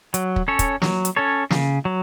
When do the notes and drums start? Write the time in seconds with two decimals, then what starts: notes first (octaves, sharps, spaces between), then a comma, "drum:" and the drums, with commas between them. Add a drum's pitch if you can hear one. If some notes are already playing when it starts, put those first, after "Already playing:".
0.14 F#3, drum: hi-hat
0.36 drum: kick
0.48 C#4 A4 C#5
0.59 drum: kick, hi-hat
0.82 F#3, drum: snare
1.05 drum: hi-hat
1.16 C#4 A4 C#5
1.51 C#3, drum: snare
1.85 F#3